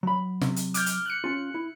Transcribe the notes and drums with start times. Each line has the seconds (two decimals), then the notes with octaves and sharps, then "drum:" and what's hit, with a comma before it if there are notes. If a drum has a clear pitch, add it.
0.03 F#3 B5
0.41 C3, drum: snare
0.56 drum: hi-hat
0.74 D6 F6 G6, drum: hi-hat
0.86 drum: hi-hat
1.06 F#6 C#7
1.24 C#4 F4
1.54 E4